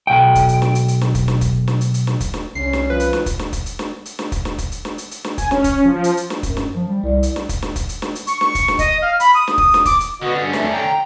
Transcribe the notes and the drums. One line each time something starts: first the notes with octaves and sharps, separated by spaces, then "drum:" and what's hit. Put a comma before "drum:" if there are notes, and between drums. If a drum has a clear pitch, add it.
B1 G5
drum: kick, hi-hat
drum: hi-hat
drum: snare
drum: hi-hat
drum: hi-hat
drum: snare
drum: kick, hi-hat
drum: snare
drum: kick, hi-hat
drum: snare
drum: hi-hat
drum: hi-hat
drum: snare
drum: kick, hi-hat
drum: snare
C2 C#4 C7
drum: snare
F3 B4
drum: hi-hat
drum: snare
drum: kick, hi-hat
drum: snare
drum: kick, hi-hat
drum: hi-hat
drum: snare
drum: hi-hat
drum: snare
drum: kick, hi-hat
drum: snare
drum: kick, hi-hat
drum: hi-hat
drum: snare
drum: hi-hat
drum: hi-hat
drum: snare
G#5, drum: kick, hi-hat
C#4, drum: snare
drum: kick, hi-hat
F3
drum: hi-hat
drum: hi-hat
drum: snare
F#2, drum: kick, hi-hat
drum: snare
F3
G3
C2
drum: hi-hat
drum: snare
drum: kick, hi-hat
drum: snare
drum: kick, hi-hat
drum: hi-hat
drum: snare
drum: hi-hat
C#6, drum: hi-hat
C#6, drum: snare
drum: kick, hi-hat
drum: snare
D#5, drum: kick, hi-hat
F5
B5, drum: hi-hat
D#6
drum: snare
D#6, drum: kick
drum: snare
D6, drum: kick, hi-hat
drum: hi-hat
D3 B3 C#4 F#4 D#5
G2
F2 A3, drum: snare
G5 A#5